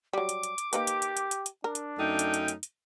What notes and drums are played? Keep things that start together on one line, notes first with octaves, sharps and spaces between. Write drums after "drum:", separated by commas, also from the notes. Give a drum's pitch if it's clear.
F#3 G3 D6
drum: hi-hat
drum: hi-hat
drum: hi-hat
A#3 D#4 G4 B4, drum: hi-hat
drum: hi-hat
drum: hi-hat
drum: hi-hat
drum: hi-hat
drum: hi-hat
D4 A#4
drum: hi-hat
F#2 A3 D#4 G5
drum: hi-hat
drum: hi-hat
drum: hi-hat
drum: hi-hat